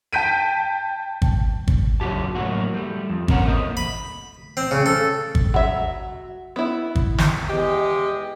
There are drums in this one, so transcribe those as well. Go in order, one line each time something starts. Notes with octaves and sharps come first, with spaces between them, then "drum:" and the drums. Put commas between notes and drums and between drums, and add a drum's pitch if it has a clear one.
G5 A5 G6 B6 D7 D#7
drum: kick
drum: kick
F#2 C#3 F#4 G4 A5
A2 F#3 A#3 F#4
G3 A3
F2
C4 C#4 A#4 C#5 F#5, drum: kick
A2 A3 A#3 C5 D#5
B5
C4
C#3
A4
drum: kick
F#3 E5
B3 E4
drum: kick
drum: snare
E2 G#3 G4 D#5